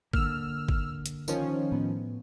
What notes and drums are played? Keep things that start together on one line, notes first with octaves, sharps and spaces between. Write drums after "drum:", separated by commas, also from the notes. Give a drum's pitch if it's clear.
D3 A#3 E6 F6, drum: kick G1
drum: kick G1
drum: hi-hat
D#3 F3 C#4, drum: tambourine
A2 B3